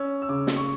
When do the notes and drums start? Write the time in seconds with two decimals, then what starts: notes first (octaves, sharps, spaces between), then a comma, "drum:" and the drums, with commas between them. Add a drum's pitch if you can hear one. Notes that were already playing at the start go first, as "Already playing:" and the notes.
Already playing: C#4 E6
0.22 E6
0.29 C#3 D6
0.47 drum: snare
0.57 C#6